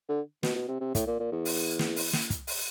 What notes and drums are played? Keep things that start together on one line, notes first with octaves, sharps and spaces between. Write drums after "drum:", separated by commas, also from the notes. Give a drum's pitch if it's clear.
D3
B2, drum: snare
B2
C3
C3
A2, drum: kick, hi-hat
A#2
A#2
E2
drum: open hi-hat
drum: snare
drum: open hi-hat
drum: snare
drum: kick, hi-hat
drum: open hi-hat